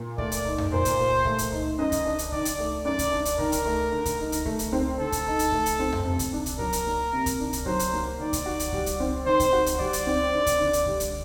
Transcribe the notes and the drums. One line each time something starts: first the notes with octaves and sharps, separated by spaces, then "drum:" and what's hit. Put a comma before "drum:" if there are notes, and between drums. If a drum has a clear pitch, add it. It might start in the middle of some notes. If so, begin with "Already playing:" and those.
Already playing: A#2
A3 D5, drum: kick C#2
drum: hi-hat
D#4
drum: tom F2
A#2 C5
drum: kick C#2, hi-hat
A#2
A3, drum: kick C#2
drum: hi-hat
D#4
F#2 D#5
drum: kick C#2, hi-hat
D4
drum: hi-hat
D#3 D5, drum: kick C#2
drum: hi-hat
A3
F#2 D5
drum: kick C#2, hi-hat
D4
drum: hi-hat
D#3 A#4, drum: kick C#2
drum: hi-hat
A3
D3
drum: kick C#2, hi-hat
D#4
drum: hi-hat
A3, drum: kick C#2
drum: hi-hat
C4
D3 A4
drum: kick C#2, hi-hat
D#4
drum: hi-hat
A3, drum: kick C#2
drum: hi-hat
C4
drum: tom F2
C3
drum: kick C#2, hi-hat
D4
drum: hi-hat
F#3 A#4, drum: kick C#2
drum: hi-hat
A#3
C3
drum: kick C#2, hi-hat
D4
drum: hi-hat
F#3 C5, drum: kick C#2
drum: hi-hat
A#3
D#3 D5
drum: kick C#2, hi-hat
F#4
drum: hi-hat
G3, drum: kick C#2
drum: hi-hat
C4
D#3 C5
drum: kick C#2, hi-hat
F#4
drum: hi-hat
G3 D5, drum: kick C#2
drum: hi-hat
C4
D3
drum: kick C#2, hi-hat
D3
drum: hi-hat
G3, drum: kick C#2
drum: hi-hat